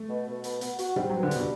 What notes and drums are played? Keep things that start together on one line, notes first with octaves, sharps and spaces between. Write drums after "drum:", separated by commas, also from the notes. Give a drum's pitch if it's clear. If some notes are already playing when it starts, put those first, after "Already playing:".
Already playing: A3
B2
B2
B3, drum: hi-hat
B3, drum: hi-hat
F#4, drum: hi-hat
G3 C4, drum: tom
E2 F#3
D3
B2 G3, drum: hi-hat